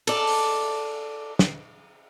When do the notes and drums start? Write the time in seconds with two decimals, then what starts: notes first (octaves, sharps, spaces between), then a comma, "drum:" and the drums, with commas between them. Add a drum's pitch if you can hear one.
0.07 A4 D5, drum: cymbal
0.27 drum: open hi-hat
1.39 drum: snare